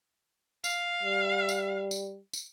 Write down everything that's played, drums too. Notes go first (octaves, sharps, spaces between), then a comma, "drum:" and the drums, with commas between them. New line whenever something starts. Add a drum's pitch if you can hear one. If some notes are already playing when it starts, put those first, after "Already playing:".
F5, drum: tambourine
G3
drum: tambourine
drum: tambourine
drum: tambourine